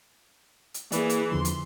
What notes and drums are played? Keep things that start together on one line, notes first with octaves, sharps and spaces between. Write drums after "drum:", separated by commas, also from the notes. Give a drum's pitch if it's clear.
drum: hi-hat
E3 A#3 G#4 B4 D5, drum: hi-hat
drum: hi-hat
E2 D3 F3 C6
drum: hi-hat